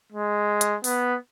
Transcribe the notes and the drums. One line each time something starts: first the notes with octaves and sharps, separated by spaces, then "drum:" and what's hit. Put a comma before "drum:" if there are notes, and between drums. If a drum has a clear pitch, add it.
G#3
drum: hi-hat
B3, drum: open hi-hat